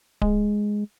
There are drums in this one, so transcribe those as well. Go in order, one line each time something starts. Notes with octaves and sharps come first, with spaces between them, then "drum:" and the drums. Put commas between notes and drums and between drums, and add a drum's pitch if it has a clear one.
G#3, drum: kick D1